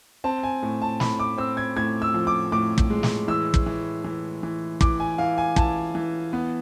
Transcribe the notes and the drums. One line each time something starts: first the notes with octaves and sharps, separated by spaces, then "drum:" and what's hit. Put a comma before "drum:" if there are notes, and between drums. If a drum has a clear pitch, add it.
C4 A5
G#5
A2
A5
A2 B5, drum: snare
D6
C4 E6
G#6
A2 G#6
E6
F3
D6
A2 D6
drum: kick
G#3
drum: snare
E3 E6
drum: kick
E3
E3
E3
E3 D6, drum: kick
G#5
E3 F5
G#5
E3 A5, drum: kick
E3
B3